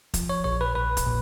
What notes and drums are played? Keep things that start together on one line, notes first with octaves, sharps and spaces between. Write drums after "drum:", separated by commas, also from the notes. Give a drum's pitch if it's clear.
F3, drum: kick, hi-hat
C#5
A#1 C#5
B4
A#1 B4
drum: kick, hi-hat
A#2